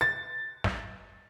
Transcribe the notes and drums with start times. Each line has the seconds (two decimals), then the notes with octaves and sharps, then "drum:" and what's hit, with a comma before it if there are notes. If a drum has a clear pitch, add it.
0.01 A6
0.64 drum: snare